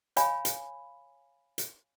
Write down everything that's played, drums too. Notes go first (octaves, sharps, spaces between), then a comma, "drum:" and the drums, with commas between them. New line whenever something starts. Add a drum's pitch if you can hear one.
C#5 F5 G#5 B5, drum: hi-hat
drum: hi-hat
drum: hi-hat